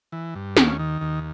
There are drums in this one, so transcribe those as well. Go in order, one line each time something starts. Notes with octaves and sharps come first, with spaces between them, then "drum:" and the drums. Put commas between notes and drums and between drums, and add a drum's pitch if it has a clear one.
E3
G2
D#2 C#4, drum: snare
D#3
D#2